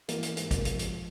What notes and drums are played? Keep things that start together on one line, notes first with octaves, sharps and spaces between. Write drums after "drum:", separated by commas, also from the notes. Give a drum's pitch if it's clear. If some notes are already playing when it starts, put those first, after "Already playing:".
E3 A#3, drum: hi-hat
drum: hi-hat
G#2, drum: hi-hat
drum: kick G#1, hi-hat
F3, drum: hi-hat
drum: hi-hat